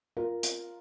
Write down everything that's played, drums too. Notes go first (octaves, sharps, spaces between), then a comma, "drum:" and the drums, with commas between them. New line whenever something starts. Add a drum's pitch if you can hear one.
F4 A#4
drum: hi-hat